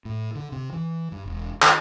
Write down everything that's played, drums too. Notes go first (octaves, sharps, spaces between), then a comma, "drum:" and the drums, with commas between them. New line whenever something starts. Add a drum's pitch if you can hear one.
A2
D3
C3
E3
G2
E1
D#3, drum: clap